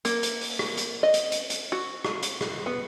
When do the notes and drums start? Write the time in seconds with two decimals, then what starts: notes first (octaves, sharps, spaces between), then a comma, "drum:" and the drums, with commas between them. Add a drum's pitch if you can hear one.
0.05 A#3, drum: hi-hat
0.23 drum: hi-hat
0.41 drum: open hi-hat
0.59 drum: rim click
0.77 drum: hi-hat
1.03 D#5
1.14 drum: hi-hat
1.32 drum: hi-hat
1.50 drum: hi-hat
1.72 F#4
2.05 drum: rim click
2.23 drum: hi-hat
2.41 drum: rim click
2.66 B3